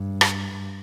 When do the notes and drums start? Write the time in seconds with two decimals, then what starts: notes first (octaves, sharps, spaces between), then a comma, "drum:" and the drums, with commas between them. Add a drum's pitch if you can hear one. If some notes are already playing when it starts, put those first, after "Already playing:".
Already playing: G2
0.21 drum: rim click